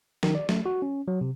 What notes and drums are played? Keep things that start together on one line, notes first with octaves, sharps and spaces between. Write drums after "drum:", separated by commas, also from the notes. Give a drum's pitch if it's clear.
D#3, drum: snare
D5
A3, drum: snare
F#4
C#4
F#3
C3